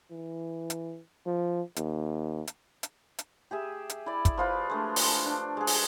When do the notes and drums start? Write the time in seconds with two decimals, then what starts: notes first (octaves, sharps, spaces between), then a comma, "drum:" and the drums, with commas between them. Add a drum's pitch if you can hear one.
0.11 E3
0.70 drum: hi-hat
1.26 F3
1.76 D#2, drum: hi-hat
2.47 drum: hi-hat
2.83 drum: hi-hat
3.18 drum: hi-hat
3.51 G4 G#4 E5
3.90 drum: hi-hat
4.06 E4 D5
4.25 drum: kick, hi-hat
4.38 F3 F4 B4
4.70 G#3 A3 D4
4.96 drum: open hi-hat
5.26 D4
5.57 G#3 G#4
5.67 drum: open hi-hat